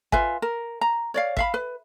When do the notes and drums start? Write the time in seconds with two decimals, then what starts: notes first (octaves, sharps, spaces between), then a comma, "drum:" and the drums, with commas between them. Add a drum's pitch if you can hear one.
0.12 F4 B4 E5 G#5, drum: kick G#1
0.42 A#4
0.81 A#5
1.14 C#5 D5 F5
1.37 E5 F5 B5, drum: kick G#1
1.54 B4